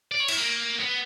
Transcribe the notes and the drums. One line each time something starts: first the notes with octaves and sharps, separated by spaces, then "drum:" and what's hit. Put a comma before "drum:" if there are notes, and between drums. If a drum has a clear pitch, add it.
D5
C#5
E4, drum: cymbal
A#3
B3